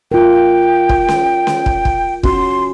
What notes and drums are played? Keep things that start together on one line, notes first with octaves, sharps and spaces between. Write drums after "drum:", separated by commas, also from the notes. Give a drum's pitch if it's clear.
F4 A#4 G5
drum: kick
drum: snare C#4
drum: snare C#4
drum: kick
drum: kick
C#4 F#4 C6, drum: kick